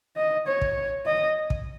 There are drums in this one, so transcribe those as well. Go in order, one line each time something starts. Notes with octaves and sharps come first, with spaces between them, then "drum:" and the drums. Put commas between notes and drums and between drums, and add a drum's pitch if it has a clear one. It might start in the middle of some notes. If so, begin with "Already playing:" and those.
D#5
C#5
drum: kick
D#5
drum: kick